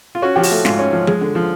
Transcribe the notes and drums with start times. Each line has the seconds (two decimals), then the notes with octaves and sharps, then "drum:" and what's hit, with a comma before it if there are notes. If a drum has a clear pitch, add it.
0.15 F4
0.22 C#4 F#4
0.36 F3 G4
0.43 F#4, drum: open hi-hat
0.51 A3
0.65 G#2 F4, drum: snare
0.79 C#4
0.93 F3
1.07 G#3, drum: tom F3
1.21 D3
1.35 F3